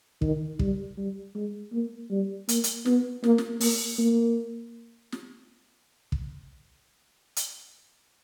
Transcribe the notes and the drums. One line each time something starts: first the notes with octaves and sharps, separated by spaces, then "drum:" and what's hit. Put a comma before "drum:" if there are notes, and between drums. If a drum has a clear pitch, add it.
D#3, drum: kick
G3, drum: kick
G3
G#3
A#3
G3
A#3, drum: hi-hat
drum: hi-hat
B3, drum: snare
A#3, drum: snare
drum: snare
A#3, drum: open hi-hat
A#3
drum: snare
drum: kick
drum: hi-hat